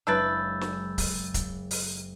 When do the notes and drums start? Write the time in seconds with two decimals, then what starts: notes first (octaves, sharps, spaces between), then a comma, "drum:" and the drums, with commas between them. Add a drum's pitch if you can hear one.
0.07 F#1 G#3 D4 E4 B4 E6 G6 A6
0.61 drum: snare
0.98 drum: kick C#1, open hi-hat
1.34 drum: kick C#1, hi-hat
1.71 drum: open hi-hat